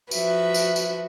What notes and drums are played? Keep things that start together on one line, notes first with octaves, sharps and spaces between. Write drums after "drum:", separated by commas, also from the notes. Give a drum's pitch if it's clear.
F3 F#4 B4 E5, drum: tambourine
drum: tambourine
drum: tambourine